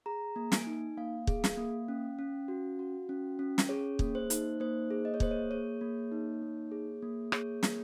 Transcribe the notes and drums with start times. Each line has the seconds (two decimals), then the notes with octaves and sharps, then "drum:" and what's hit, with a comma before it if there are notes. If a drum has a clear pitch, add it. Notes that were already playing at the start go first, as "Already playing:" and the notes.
0.06 G#4 A#5
0.36 A#3
0.52 G#5, drum: snare
0.67 D#4
0.97 A#3 F5
1.27 G#4, drum: kick
1.44 drum: snare
1.57 A#3
1.88 C#4
2.19 C#4
2.48 F#4
2.79 F#4
3.09 C#4
3.39 C#4
3.58 drum: snare
3.69 G#4 C#5
3.99 A#3, drum: kick
4.15 C5
4.30 D#4, drum: hi-hat
4.60 A#3 C5
4.91 G#4
5.05 D#5
5.14 C#5
5.20 A#3 C5, drum: kick
5.31 C#5
5.51 G#4 C#5
5.81 A#3
6.12 D#4
6.42 A#3
6.72 G#4
7.02 A#3
7.32 G#4 C#5, drum: rim click
7.63 A#3, drum: snare